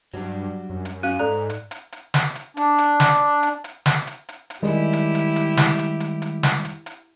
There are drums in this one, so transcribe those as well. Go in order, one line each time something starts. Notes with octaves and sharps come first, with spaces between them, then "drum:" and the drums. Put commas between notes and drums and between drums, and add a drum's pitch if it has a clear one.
G2 F#3 G3 D4
F#2
drum: hi-hat
C#4 F#4 F5 F#6 D#7
G#2 A4 D5 A#5 F#6
drum: hi-hat
drum: hi-hat
drum: hi-hat
drum: snare
drum: hi-hat
D4, drum: hi-hat
drum: hi-hat
drum: snare
drum: hi-hat
drum: hi-hat
drum: snare
drum: hi-hat
drum: hi-hat
drum: hi-hat
D#3 G3 G#3 E4 G4
drum: hi-hat
drum: hi-hat
drum: hi-hat
drum: snare
drum: hi-hat
drum: hi-hat
drum: hi-hat
drum: snare
drum: hi-hat
drum: hi-hat